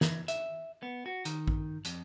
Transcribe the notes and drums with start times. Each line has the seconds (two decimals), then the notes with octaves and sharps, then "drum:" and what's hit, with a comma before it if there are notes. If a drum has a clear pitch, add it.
0.01 E3, drum: snare
0.28 E5, drum: hi-hat
0.83 B3
1.06 F#4
1.25 D#3, drum: hi-hat
1.47 drum: kick A1
1.85 F2, drum: hi-hat